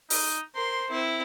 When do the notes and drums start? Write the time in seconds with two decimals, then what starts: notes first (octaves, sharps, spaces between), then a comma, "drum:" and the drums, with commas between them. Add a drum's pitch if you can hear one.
0.10 D#4, drum: open hi-hat
0.55 A#4 C5 C6
0.90 C4 E4